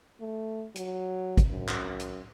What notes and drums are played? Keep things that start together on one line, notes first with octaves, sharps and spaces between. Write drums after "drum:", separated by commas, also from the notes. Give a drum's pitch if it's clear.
A3
F#3, drum: hi-hat
drum: kick, hi-hat
F#2
drum: clap
drum: hi-hat